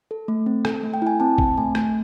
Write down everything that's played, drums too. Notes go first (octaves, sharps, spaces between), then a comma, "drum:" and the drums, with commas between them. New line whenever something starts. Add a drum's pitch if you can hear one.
A4
A3
C4
A4, drum: rim click
A3
G5
E4 G#5
C4 A5
C4, drum: kick
A3 G#5
A3, drum: rim click